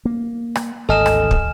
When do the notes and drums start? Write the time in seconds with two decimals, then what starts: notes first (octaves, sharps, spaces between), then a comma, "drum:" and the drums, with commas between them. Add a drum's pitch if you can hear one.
0.05 A#3
0.56 drum: rim click
0.89 G#1 D2 A4 D#5 G#5 F6 E7
1.06 drum: rim click
1.31 drum: kick